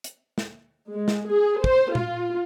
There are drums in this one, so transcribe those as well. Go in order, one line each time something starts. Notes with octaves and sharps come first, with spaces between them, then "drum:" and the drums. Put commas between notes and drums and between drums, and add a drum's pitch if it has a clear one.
drum: hi-hat
drum: snare
G#3
drum: snare
G#4
C5, drum: kick
F4, drum: tom A#2